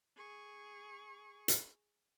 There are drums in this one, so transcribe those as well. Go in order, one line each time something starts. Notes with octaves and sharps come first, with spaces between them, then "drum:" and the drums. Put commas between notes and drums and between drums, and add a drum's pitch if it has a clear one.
G#4 C#6
drum: hi-hat